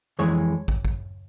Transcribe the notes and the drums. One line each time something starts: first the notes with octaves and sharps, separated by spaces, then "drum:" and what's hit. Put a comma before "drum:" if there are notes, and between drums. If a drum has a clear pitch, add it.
F2 E3 G#3 C#5
drum: kick
drum: kick